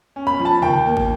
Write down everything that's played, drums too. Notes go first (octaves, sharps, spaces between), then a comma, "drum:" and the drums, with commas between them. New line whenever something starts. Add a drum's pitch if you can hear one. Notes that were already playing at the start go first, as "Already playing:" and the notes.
C#4
B5
F3
A5
D#2 G5, drum: tom C3
A#3
drum: kick